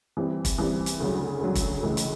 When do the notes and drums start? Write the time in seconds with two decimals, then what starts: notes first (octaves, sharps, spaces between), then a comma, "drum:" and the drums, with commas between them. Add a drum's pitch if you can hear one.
0.17 E3 G3 C4
0.45 drum: kick, hi-hat
0.58 E3 G3 C4
0.86 drum: hi-hat
1.00 D2 C#3 F#3
1.41 D2 C#3 F#3
1.55 drum: kick, hi-hat
1.83 C#2 C#3 E3 A3
1.97 drum: hi-hat